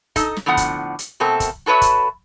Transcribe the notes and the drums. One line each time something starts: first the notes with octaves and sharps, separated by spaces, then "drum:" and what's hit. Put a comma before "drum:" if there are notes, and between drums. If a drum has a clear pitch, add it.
D#4 A4 D#5, drum: kick, hi-hat
drum: snare
A2 D3 F3 B3 F#5
drum: kick, hi-hat
drum: hi-hat
B2 A3 C4 A4 A#4
drum: kick, hi-hat
F#4 A4 B4 C#5 E5
drum: kick, hi-hat